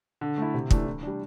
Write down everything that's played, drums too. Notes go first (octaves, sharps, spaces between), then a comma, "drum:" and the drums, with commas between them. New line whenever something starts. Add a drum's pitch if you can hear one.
D3
A3 E4
C3
E3 A3 D4, drum: kick
E3
G3 D4